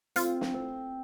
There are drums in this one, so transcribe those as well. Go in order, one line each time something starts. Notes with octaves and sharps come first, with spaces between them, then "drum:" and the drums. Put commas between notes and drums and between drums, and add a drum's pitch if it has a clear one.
C4 F4, drum: hi-hat
drum: snare
C4